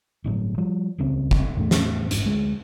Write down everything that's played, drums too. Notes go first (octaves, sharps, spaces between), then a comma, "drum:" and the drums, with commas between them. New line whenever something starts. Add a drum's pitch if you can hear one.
G1 A2 C#3 F#3
F3 G3
D#1 C#2 C#3 C4
drum: kick
E2 A2 A3
drum: snare
G#1 G#2 D4, drum: hi-hat
D2 G#3